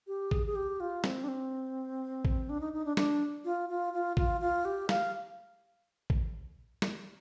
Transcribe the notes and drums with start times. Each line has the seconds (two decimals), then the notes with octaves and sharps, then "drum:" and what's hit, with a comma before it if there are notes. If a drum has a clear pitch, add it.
0.07 G4
0.31 G#4, drum: kick A1
0.47 G#4
0.55 G4
0.80 F4
1.04 C4, drum: snare
1.24 D4
1.28 C4
2.25 drum: kick A1
2.49 D4
2.61 D#4
2.73 D#4
2.85 D4
2.97 D4, drum: snare
3.45 F4
3.69 F4
3.94 F4
4.17 F4, drum: kick A1
4.41 F4
4.65 G4
4.89 F5, drum: snare
6.10 drum: kick A1
6.82 drum: snare